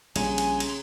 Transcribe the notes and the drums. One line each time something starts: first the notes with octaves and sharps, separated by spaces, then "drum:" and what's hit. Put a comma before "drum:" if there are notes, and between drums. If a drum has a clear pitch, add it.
A#1 C#3 G3 C#4 G#5 A#5 C6, drum: cymbal
drum: cymbal
drum: cymbal